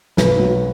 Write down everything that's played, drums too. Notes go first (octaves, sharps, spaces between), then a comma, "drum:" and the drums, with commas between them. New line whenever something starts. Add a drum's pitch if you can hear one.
B1 B4, drum: snare
F#3